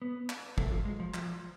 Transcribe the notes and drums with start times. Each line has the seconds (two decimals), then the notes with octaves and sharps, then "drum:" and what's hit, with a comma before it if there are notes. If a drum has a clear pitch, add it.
0.02 B3
0.29 drum: clap
0.58 A3, drum: kick
0.72 F3
0.85 G#3
1.00 F3
1.14 F3, drum: clap